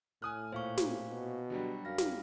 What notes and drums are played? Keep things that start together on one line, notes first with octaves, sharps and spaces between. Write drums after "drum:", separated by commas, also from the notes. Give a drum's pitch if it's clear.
A2 G#5 D#6 F6 F#6
A#2 C5 F5 C#6
drum: snare
B2
D3 F#3 G3
F#2 F5 F6 A#6
drum: snare